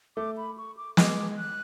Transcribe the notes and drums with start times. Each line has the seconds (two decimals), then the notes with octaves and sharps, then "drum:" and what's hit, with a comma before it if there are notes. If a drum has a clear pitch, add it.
0.17 A3 D6
0.37 B5
0.58 C#6
0.77 D6
0.97 G#3 D6, drum: snare
1.37 F#6